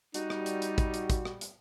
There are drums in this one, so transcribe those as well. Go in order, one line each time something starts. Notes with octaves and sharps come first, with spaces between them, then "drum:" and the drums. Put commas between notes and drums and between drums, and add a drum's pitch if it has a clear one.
G3 D#4 F#4, drum: hi-hat
drum: rim click
drum: hi-hat
drum: hi-hat
drum: kick, hi-hat
drum: hi-hat
drum: kick, hi-hat
drum: rim click
drum: hi-hat